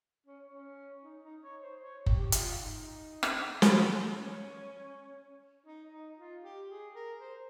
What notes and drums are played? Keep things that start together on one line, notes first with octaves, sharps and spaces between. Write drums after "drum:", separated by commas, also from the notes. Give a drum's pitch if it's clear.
C#4
C#4
D#4
D#4
C#5
C5
C#5
G4, drum: kick F#1
G4
F4, drum: hi-hat
D#4
drum: rim click
drum: snare
C#4
D#4
D#4
F4
G4
G#4
A#4
C5